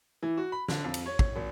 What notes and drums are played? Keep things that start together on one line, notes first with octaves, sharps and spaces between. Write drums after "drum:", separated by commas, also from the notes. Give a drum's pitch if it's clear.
E3
F#4
B5
D3, drum: snare
F2
drum: cymbal
C#5
drum: kick
G#1